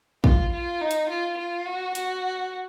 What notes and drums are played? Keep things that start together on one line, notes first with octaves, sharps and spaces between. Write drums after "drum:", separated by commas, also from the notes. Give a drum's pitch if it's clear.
F4, drum: kick
F4
D#4
drum: hi-hat
F4
F4
F#4
F#4, drum: hi-hat